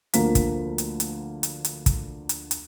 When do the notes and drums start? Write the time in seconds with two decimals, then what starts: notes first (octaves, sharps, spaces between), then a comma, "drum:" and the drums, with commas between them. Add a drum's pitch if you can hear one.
0.14 D2 D3 F3 A#3 A#5 B6, drum: hi-hat
0.35 drum: kick, hi-hat
0.78 drum: hi-hat
1.00 drum: hi-hat
1.43 drum: hi-hat
1.65 drum: hi-hat
1.86 drum: kick, hi-hat
2.29 drum: hi-hat
2.51 drum: hi-hat